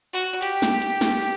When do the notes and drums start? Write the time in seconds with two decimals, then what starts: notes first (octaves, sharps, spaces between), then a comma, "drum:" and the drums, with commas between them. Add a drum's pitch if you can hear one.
0.13 F#4
0.42 G4, drum: hi-hat
0.62 drum: snare
0.82 drum: hi-hat
1.01 drum: snare
1.21 drum: open hi-hat